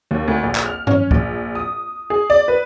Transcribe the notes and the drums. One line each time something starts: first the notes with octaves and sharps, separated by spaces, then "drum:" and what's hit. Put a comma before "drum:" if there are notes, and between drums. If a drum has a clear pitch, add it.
D#2
D2
A#1
drum: clap
F6
C#4, drum: tom
A#1, drum: kick C2
D#6
G#4
D5
B4